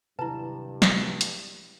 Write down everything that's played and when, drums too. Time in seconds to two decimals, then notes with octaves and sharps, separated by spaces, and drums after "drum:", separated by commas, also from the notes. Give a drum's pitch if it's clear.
0.19 G2 C3 D#3 F#3 E4 B4 A5
0.82 drum: snare
1.21 drum: hi-hat